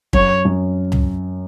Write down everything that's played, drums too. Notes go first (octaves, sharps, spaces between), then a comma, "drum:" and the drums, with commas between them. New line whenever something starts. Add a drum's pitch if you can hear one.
F#2 C#5, drum: kick
F#2
drum: tom C#2